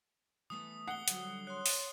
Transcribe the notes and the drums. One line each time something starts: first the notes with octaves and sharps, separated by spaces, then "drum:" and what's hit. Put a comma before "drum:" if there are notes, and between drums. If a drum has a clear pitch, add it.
E3 A3 B3 D#6
F#5 C7 G7
D3 F#3 G3, drum: hi-hat
C#5 C6 F#6
drum: open hi-hat